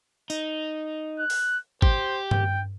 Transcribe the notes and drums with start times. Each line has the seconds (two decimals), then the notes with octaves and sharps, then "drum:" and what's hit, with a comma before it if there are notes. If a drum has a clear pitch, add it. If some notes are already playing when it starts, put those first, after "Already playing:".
0.30 D#4, drum: tambourine
1.20 F#6
1.30 drum: open hi-hat
1.82 G4 C5, drum: kick G#1
2.31 G5, drum: tom